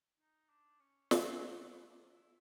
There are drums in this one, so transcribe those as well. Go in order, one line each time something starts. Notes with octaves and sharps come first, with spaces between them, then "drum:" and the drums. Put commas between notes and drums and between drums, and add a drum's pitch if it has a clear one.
D#4
D4
C#4
C#4, drum: snare
C4
B3
D4
E4